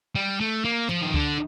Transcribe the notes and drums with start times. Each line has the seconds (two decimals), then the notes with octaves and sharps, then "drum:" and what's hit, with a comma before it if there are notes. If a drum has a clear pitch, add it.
0.15 G3
0.40 A3
0.65 A#3
0.89 F3, drum: tom
1.01 D#3
1.14 D3, drum: kick C#2